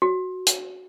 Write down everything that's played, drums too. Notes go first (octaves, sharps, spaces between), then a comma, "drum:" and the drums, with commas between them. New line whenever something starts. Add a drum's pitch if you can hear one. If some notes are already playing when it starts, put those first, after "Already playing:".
F#4
drum: hi-hat